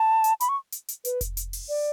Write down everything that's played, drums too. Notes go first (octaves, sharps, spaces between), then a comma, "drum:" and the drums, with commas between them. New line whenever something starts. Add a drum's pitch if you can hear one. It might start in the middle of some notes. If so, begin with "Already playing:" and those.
Already playing: A5
drum: hi-hat
B5, drum: hi-hat
C#6
drum: hi-hat
drum: hi-hat
B4, drum: hi-hat
drum: kick F1, hi-hat
drum: hi-hat
drum: open hi-hat
D5